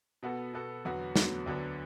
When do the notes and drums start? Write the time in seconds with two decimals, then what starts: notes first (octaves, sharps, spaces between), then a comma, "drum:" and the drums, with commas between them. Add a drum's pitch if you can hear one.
0.23 B2 B3 F#4 A4
0.53 B2 B3 F#4 A4
0.85 E2 D3 F#3 B3 F#4
1.16 E2 D3 F#3 B3 F#4, drum: snare
1.46 D2 D3 F#3 B3 D4